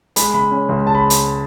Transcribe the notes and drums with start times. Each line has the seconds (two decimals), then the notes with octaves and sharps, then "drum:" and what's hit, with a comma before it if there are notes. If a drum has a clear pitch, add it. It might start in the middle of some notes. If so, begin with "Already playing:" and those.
0.16 G#3 B5, drum: hi-hat
0.34 C#3 B5
0.51 C#4
0.69 C#2
0.86 G#3 A5
0.95 B5
1.10 drum: hi-hat